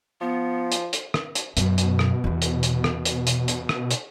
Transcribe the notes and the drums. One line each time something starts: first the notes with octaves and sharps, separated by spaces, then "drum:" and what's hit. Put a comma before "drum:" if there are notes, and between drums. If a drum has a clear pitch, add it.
F3 B3
drum: hi-hat
drum: hi-hat
drum: rim click
drum: hi-hat
F#2 B2, drum: hi-hat
drum: hi-hat
drum: rim click
E2 C3
drum: hi-hat
drum: hi-hat
drum: rim click
drum: hi-hat
drum: hi-hat
drum: hi-hat
drum: rim click
drum: hi-hat